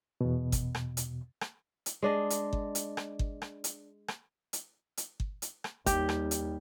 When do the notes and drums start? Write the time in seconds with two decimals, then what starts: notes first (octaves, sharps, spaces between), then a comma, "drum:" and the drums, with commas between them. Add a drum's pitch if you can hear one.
0.21 E2 B2
0.52 drum: kick G1, hi-hat
0.75 drum: rim click
0.97 drum: hi-hat
1.41 drum: rim click
1.86 drum: hi-hat
2.02 G#3 D4 D#5
2.30 drum: hi-hat
2.53 drum: kick G1
2.75 drum: hi-hat
2.97 drum: rim click
3.19 drum: kick G1
3.42 drum: rim click
3.64 drum: hi-hat
4.08 drum: rim click
4.53 drum: hi-hat
4.97 drum: hi-hat
5.20 drum: kick G1
5.42 drum: hi-hat
5.64 drum: rim click
5.86 D#2 G3 G4, drum: kick G1, hi-hat
6.09 drum: rim click
6.31 drum: hi-hat